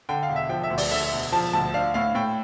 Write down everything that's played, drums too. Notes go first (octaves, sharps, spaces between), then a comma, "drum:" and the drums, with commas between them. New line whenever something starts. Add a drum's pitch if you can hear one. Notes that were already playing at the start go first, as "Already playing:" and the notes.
D3 G5
F5
E1
E5
F3 G5
E5
D2
D5, drum: open hi-hat
D3 E5
E5
E1
F3 A5
D2 A5
D4 F5
A2 F5
A2 G5